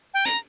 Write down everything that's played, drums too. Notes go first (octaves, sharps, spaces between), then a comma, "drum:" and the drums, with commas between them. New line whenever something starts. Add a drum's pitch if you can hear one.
G5
A#5, drum: hi-hat